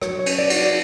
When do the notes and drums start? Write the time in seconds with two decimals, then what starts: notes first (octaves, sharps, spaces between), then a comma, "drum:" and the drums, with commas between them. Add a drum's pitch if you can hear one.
0.02 F#3 C#5, drum: rim click
0.19 C#5
0.26 C#4, drum: cymbal
0.39 D5
0.50 F#4, drum: cymbal
0.57 D5